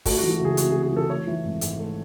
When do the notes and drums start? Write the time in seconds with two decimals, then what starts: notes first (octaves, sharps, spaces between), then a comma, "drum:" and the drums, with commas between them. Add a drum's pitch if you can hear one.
0.06 A3 F#4, drum: kick, open hi-hat
0.18 F#4
0.23 E3
0.31 F#4
0.40 C#2 G#4
0.57 C3 F#4, drum: hi-hat
0.70 G#4
0.75 A3
0.83 G#4
0.92 E3 A4
1.09 A3 C#5
1.27 E3
1.45 G#1
1.61 G#2, drum: hi-hat
1.79 A3